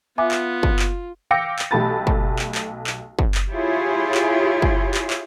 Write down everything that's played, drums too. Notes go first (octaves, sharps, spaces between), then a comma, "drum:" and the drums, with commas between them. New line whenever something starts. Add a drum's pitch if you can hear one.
B3 F4 E5 G#5 D6
drum: clap
drum: kick
drum: clap
F5 G5 D6 E6 A#6 C#7
drum: clap
B1 A3 G4 A5 B5 A6
drum: kick
drum: clap
drum: clap
drum: clap
drum: kick
drum: clap
E4 F4 G4 G#4 C#5
drum: clap
drum: kick
drum: clap
drum: clap